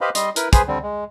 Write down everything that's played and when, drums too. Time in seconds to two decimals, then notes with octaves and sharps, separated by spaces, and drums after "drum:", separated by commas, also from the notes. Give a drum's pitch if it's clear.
0.01 G4 B4 C5 D#5 F5 B5
0.15 G3 D#5 C6, drum: hi-hat
0.36 E4 A#4 B4, drum: hi-hat
0.53 G#4 B4 C5 G#5, drum: kick, hi-hat
0.68 D3 G3 C4
0.83 G#3